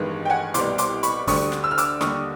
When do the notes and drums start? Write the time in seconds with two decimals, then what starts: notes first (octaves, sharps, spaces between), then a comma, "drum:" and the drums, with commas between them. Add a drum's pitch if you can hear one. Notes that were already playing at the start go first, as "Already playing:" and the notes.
Already playing: A1 G2 D#3 G#3 B3
0.25 G5
0.30 F#5 G#5
0.54 C2 B2 G3 C6 D6, drum: hi-hat
0.78 C6 D6, drum: hi-hat
1.03 B5 C#6, drum: hi-hat
1.27 D2 D3 G3 C#6 D#6, drum: kick, open hi-hat
1.52 drum: snare
1.64 E6
1.71 F6
1.78 D6 E6, drum: hi-hat
2.01 D#2 D3 G3 C#6 D#6, drum: snare